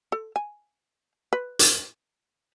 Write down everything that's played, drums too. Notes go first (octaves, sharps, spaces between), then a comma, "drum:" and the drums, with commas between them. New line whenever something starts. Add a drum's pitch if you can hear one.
A4
G#5
B4
drum: hi-hat